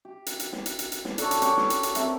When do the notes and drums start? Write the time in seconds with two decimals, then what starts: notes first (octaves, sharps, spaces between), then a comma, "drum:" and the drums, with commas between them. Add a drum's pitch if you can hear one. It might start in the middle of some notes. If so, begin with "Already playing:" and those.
0.05 G4
0.26 drum: hi-hat
0.40 drum: hi-hat
0.53 drum: snare
0.66 drum: hi-hat
0.79 drum: hi-hat
0.92 drum: hi-hat
1.05 drum: snare
1.18 D3 D4 A4 C#5, drum: hi-hat
1.31 drum: hi-hat
1.42 C#4 G4 C#5, drum: hi-hat
1.57 drum: snare
1.70 drum: hi-hat
1.83 drum: hi-hat
1.95 A3 C4 A#4, drum: hi-hat